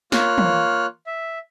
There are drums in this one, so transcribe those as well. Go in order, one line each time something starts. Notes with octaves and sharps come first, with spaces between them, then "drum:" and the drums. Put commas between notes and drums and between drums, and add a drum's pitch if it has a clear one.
A#3 F4 C#5 F6 F#6, drum: snare
drum: tom E3
E5